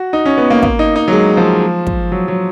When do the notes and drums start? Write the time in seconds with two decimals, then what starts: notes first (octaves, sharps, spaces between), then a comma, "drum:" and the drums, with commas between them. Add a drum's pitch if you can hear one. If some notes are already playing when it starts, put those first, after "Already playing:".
Already playing: F#4
0.13 D#4
0.25 C#4
0.38 B3
0.50 A#3
0.63 A#3, drum: kick
0.79 D#4
0.96 D#4
1.08 F#3
1.12 G#3
1.37 F3
1.87 drum: kick
2.12 F#3
2.28 F#3